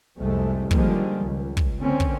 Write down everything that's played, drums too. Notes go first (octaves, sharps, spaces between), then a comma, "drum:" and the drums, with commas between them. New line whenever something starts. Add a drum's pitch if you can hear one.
C2 F2 C3 G#3 A3
D3 D#3 F3 G3 G#3 A#3, drum: kick
C#2
drum: kick
D3 A#3 C4 C#4
drum: kick